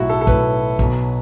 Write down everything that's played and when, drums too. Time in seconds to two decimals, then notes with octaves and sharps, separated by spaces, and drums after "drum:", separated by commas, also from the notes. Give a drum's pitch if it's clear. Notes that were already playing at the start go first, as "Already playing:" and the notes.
Already playing: B1 A2 F#3 E4 F#4
0.09 A4
0.21 A4
0.27 B1 A2 F#3 B4, drum: kick
0.79 B1 B2 F#3, drum: kick